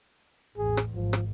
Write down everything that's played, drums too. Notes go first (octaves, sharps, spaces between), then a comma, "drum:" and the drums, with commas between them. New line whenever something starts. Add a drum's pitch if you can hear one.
A1 E2 G#4
drum: rim click
G#1 F3
drum: rim click